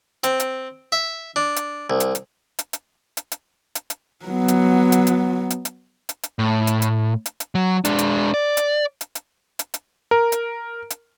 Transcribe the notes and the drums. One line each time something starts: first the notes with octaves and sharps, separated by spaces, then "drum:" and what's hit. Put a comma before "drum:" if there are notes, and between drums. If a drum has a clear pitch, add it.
C4, drum: hi-hat
drum: hi-hat
E5
D4
drum: hi-hat
C2
drum: hi-hat
drum: hi-hat
drum: hi-hat
drum: hi-hat
drum: hi-hat
drum: hi-hat
drum: hi-hat
drum: hi-hat
F#3 B3
drum: hi-hat
drum: hi-hat
drum: hi-hat
drum: hi-hat
drum: hi-hat
drum: hi-hat
drum: hi-hat
A2
drum: hi-hat
drum: hi-hat
drum: hi-hat
drum: hi-hat
F#3
G#3 D4, drum: hi-hat
drum: hi-hat
D5
drum: hi-hat
drum: hi-hat
drum: hi-hat
drum: hi-hat
drum: hi-hat
A#4
drum: hi-hat
drum: hi-hat